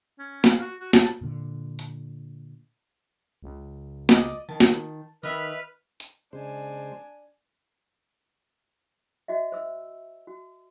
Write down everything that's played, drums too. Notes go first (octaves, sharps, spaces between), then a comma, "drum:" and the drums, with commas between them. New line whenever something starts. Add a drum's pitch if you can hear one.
C#4
F5, drum: snare
F#4
F#4
A5, drum: snare
A#2 D3
drum: hi-hat
C#2
D5 D#5, drum: snare
D#3 A5
drum: snare
D#3 B4 D#5 E5 B5 F6
drum: hi-hat
C#3 G#3 D4 C5 G#5
F#4 D#5 E5
C5 E6
F#4